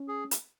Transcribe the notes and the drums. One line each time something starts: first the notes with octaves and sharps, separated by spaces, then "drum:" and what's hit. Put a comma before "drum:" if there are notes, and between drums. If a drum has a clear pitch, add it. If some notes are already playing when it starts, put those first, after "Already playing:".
Already playing: C#4
G#4
drum: hi-hat